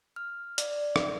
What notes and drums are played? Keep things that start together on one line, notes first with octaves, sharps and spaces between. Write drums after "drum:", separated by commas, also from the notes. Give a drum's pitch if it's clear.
F6
D5, drum: hi-hat
drum: rim click